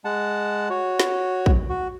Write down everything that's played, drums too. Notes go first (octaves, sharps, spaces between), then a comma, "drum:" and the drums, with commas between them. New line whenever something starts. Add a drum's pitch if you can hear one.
G#3 F#5 A5
F#4 C#5
drum: snare
drum: kick
F#4